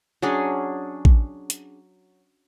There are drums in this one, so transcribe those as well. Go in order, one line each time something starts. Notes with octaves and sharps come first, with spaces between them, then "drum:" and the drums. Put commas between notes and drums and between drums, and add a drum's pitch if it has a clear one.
F#3 C#4 D4 G#4
drum: kick A1
drum: hi-hat